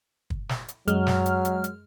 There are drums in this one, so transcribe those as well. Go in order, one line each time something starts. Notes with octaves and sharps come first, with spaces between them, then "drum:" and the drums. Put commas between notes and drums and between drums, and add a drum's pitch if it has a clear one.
drum: kick
drum: snare
drum: hi-hat
F#2 F#3 G#3 F6, drum: hi-hat
drum: snare
drum: hi-hat
drum: hi-hat
drum: hi-hat